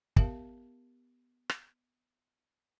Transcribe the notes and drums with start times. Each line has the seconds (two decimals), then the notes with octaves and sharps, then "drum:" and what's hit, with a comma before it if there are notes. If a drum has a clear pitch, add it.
0.16 B3 G4 A#4 E5 F5 A5, drum: kick
1.50 drum: rim click